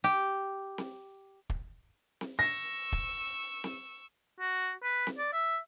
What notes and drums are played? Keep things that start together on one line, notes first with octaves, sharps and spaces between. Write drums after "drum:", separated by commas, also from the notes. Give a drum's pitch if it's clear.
G4
drum: snare C4
drum: kick
drum: snare C4
C#6 E6 A#6
drum: kick
drum: snare C4
F#4
B4
drum: snare C4
D5
E5